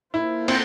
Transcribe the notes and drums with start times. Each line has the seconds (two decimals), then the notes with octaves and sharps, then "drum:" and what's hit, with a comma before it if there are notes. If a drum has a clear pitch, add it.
0.14 A#3 E4 F4 A4 C5
0.48 C4, drum: cymbal